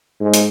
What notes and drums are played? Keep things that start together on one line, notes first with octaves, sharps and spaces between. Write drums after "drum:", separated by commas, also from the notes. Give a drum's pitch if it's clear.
G#2
drum: hi-hat